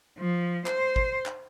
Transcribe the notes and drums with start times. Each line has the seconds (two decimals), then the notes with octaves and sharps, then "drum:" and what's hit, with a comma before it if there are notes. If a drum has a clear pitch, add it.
0.18 F3
0.66 C5, drum: clap
0.96 drum: kick G#1
1.26 drum: clap